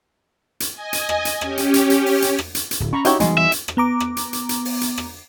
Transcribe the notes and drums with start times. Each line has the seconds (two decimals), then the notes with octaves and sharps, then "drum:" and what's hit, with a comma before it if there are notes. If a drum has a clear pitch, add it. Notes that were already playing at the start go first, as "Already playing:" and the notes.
0.60 drum: hi-hat
0.72 D#5 G#5
0.93 drum: hi-hat
1.09 drum: rim click
1.25 drum: hi-hat
1.41 C#4 G4, drum: rim click
1.57 drum: hi-hat
1.74 drum: hi-hat
1.90 drum: hi-hat
2.06 drum: open hi-hat
2.22 drum: hi-hat
2.38 drum: rim click
2.55 drum: hi-hat
2.71 drum: hi-hat
2.80 D1
2.93 C#4 A#5 B5 C#6
3.05 D#4 E4 F#4 G4 C#5, drum: hi-hat
3.20 E3 G3 G#3 B3, drum: hi-hat
3.37 E5
3.52 drum: hi-hat
3.68 drum: rim click
3.77 B3 A#5 D6
4.00 drum: rim click
4.17 drum: hi-hat
4.33 drum: hi-hat
4.49 drum: hi-hat
4.65 drum: open hi-hat
4.81 drum: hi-hat
4.98 drum: rim click